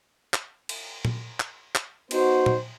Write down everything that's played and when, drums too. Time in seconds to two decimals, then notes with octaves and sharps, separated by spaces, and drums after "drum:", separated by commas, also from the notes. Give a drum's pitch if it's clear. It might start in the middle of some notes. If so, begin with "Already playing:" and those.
0.34 drum: clap
0.69 drum: cymbal
1.05 drum: tom A#2
1.40 drum: clap
1.75 drum: clap
2.11 B3 D#4 F#4 C5, drum: cymbal
2.46 drum: tom A#2